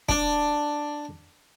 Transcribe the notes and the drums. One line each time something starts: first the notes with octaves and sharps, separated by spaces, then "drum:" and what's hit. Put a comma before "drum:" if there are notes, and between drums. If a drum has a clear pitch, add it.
D4, drum: kick